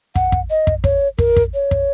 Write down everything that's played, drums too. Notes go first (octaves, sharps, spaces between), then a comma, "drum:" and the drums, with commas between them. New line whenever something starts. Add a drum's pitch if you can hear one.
F#5, drum: kick
drum: kick
D#5
drum: kick
C#5, drum: kick
A#4, drum: kick
drum: kick
C#5
drum: kick